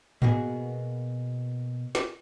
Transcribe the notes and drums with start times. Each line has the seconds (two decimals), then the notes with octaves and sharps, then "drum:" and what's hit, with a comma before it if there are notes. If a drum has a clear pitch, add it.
0.22 B2 A#3 B3 F#4 G#4, drum: tom G#2
1.95 drum: snare